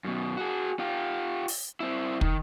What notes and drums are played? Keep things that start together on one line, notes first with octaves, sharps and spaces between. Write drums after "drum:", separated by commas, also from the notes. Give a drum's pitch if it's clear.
F#2 B2
F#4 G#4
F4 G4
drum: open hi-hat
C4 E4
D#3, drum: kick